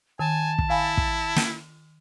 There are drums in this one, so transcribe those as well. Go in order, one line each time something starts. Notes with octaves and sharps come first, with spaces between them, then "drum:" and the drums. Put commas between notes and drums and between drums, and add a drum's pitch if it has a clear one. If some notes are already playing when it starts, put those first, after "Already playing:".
D#3 G#5 A5
drum: kick
E4 F5 G#5 B5
drum: kick
drum: snare